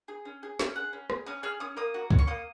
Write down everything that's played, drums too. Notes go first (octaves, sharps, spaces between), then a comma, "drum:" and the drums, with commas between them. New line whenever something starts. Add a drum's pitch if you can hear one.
G#4
C#4
G#4
C#4, drum: snare
G#4 F#5
C#4
G#4, drum: rim click
C#4 D#6
G#4 F6
C#4 D#6
A#3 D#6
F#4
C#4, drum: kick
C#6
A#3 D#6